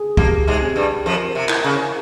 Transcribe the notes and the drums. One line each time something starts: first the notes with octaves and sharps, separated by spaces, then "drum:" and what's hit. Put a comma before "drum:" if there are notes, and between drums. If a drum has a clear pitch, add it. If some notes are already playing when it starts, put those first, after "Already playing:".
Already playing: G#4
A#2 A#3 G4, drum: kick
G#2 G#3
C4
G2 G3
F2 F3 A#4
C3
E4, drum: clap
C#3